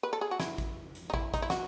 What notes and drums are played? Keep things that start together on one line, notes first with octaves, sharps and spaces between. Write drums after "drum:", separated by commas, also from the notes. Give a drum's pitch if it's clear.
B4
A4
G#4
F#4
E4, drum: snare
drum: kick, hi-hat
drum: hi-hat
D#4
E4, drum: kick
D#4, drum: kick, hi-hat
E4
F#4, drum: snare